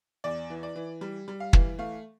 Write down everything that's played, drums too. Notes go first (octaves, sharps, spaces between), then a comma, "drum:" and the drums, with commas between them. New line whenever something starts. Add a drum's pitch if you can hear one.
E2 D5
E3
D5
E3
G3
G3
F5
E3, drum: kick
A3 F5